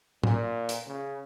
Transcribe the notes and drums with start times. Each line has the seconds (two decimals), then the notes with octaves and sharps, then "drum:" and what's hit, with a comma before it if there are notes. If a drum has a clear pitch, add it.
0.24 A#2, drum: tom
0.69 drum: hi-hat
0.87 C#3